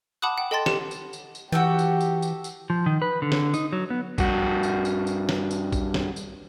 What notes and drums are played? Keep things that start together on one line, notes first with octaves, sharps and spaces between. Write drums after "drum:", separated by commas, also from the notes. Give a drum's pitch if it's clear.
F#5 A5 B5 D6 D#6 F#6
F#5 G5
A4 D#5 G5 A5 C6 A6
G4 C#7 E7, drum: snare
drum: tambourine
drum: tambourine
drum: tambourine
E3 F#4 G4 A4 G5
drum: tambourine
drum: tambourine
drum: tambourine
drum: tambourine
F3
D#3
B4
D3
drum: snare
D#4, drum: tambourine
F#3
B3
G2 F#4, drum: kick A#1, tambourine
drum: tambourine
drum: tambourine
drum: tambourine
drum: snare
drum: tambourine
drum: kick A#1, tambourine
drum: snare
drum: tambourine